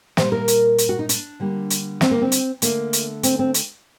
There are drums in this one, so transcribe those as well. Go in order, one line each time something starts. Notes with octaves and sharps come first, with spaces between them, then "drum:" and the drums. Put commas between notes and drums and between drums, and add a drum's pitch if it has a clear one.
A#2 G3 A#3 C5, drum: snare
A#4
drum: hi-hat
drum: hi-hat
F#4
D#4
D4, drum: hi-hat
D3 G3 A#3
drum: hi-hat
C4, drum: snare
A#3
C4
drum: hi-hat
D3 A3 A#3, drum: hi-hat
drum: hi-hat
C4, drum: hi-hat
C4
drum: hi-hat